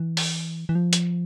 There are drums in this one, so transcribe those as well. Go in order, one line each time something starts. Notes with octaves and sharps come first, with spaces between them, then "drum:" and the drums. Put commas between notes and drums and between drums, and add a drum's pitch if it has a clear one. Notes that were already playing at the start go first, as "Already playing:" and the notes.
Already playing: E3
drum: open hi-hat
E3
F3
drum: hi-hat